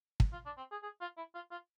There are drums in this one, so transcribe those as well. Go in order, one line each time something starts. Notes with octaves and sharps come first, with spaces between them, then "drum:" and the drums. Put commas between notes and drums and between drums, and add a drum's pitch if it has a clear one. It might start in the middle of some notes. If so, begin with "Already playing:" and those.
drum: kick
F4
D4
C4
G#4
G#4
F4
E4
F4
F4